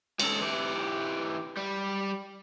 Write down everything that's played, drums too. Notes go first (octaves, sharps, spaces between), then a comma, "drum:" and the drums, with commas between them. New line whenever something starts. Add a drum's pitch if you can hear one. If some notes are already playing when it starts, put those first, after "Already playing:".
C#2 A4, drum: cymbal
E3 G4
G3